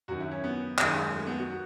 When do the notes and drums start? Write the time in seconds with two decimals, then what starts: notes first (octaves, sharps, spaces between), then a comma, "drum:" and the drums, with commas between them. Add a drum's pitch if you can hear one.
0.08 F#2 D#3 F#4
0.20 E4
0.31 C#4
0.44 B3
0.79 F#2 D#3 G#3, drum: clap
1.14 A3
1.27 B3
1.38 F#4
1.50 F#4